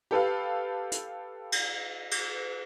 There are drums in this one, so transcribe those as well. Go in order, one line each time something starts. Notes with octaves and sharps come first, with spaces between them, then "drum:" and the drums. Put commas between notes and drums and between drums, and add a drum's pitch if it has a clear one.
G4 A4 B4 F5
drum: hi-hat
drum: cymbal
drum: cymbal